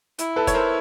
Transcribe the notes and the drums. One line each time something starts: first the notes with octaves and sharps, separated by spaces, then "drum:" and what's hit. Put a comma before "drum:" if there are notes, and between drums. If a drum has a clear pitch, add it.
E4, drum: hi-hat
A4 B4
C#5, drum: kick F1, hi-hat
A#4 C5